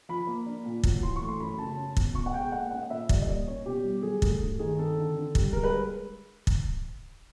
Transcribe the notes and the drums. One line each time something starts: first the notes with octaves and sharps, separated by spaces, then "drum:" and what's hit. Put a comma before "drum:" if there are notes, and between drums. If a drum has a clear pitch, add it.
F3 B5
A#3
D4
A#2
F#3, drum: kick
E3 C6
C#6
A3
C6
F#2 B5
C#3 A5
C#4
B2, drum: kick
B2 C#6
F#5
G#3 G5
A#3 F#5
C#4 F#5
D#5
A#2 E5
G3 D5, drum: kick
D#5
A#3 D5
C#4 C#5
B2 G4
G3
F#3 G#4
A3, drum: kick
G2
D#3 G#4
C4 A4
D3
D3
G3, drum: kick
G#3 A#4
B4
drum: kick